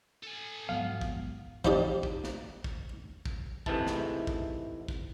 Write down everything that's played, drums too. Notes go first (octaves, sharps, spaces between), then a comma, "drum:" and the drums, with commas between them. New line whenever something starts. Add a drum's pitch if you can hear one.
A4 G#5
G#2 F3 F#3 B3 F5
drum: kick
F3 D#4 G4 D5 D#6, drum: kick
drum: kick
drum: snare
drum: kick
drum: kick
G#2 C3 E3 A3 E4 A5, drum: kick
drum: snare
drum: kick
drum: kick